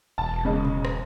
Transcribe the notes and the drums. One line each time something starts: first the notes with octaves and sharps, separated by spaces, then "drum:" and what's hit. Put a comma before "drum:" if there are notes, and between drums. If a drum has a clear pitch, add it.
E1 A5
C#3 G#3
drum: tom A#2
drum: rim click